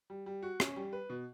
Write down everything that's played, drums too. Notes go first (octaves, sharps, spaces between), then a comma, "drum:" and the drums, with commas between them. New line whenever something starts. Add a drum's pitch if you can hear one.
G3
G3
F#4
C#4, drum: rim click
G3
B4
B2